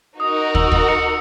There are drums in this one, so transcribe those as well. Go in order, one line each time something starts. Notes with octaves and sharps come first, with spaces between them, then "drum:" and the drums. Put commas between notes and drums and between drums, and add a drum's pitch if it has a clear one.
D#4 F#4 A#4 D#6
E6, drum: kick
drum: kick
C#7